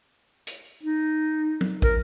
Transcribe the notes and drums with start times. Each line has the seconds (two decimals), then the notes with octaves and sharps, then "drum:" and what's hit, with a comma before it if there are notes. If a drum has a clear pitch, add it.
0.47 drum: hi-hat
0.83 D#4
1.61 drum: tom
1.82 A#4, drum: kick